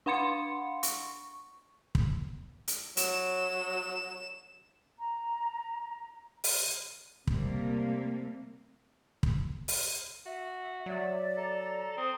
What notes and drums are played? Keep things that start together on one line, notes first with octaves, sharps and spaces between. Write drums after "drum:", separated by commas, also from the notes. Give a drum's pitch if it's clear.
D4 F5 F#5 B5 C6 C#7
C#6, drum: hi-hat
drum: kick
drum: hi-hat
F#3 E7, drum: hi-hat
A#5
drum: open hi-hat
C3 G3 A3 A#3, drum: kick
drum: kick
drum: open hi-hat
F#4 E5
F#3 D5 E5
A4 A#5
C4 D#6